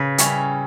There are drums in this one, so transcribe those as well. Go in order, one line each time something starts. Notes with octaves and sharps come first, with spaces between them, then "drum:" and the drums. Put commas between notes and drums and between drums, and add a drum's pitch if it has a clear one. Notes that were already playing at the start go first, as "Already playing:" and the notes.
Already playing: C#3 B4
G3 C#4 E4, drum: hi-hat